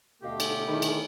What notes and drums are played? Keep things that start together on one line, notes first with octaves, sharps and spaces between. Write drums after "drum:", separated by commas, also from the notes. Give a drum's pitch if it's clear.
B2 D3 A3 F#4 G4 D#5 F5
drum: cymbal
D#3 E4 G#4 B5
drum: cymbal